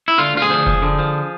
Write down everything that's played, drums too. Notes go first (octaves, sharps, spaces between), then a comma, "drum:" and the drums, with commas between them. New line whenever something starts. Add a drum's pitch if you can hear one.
E4
D3 F4
D2 F4
G#4
F3
F3, drum: kick F1
D3
F3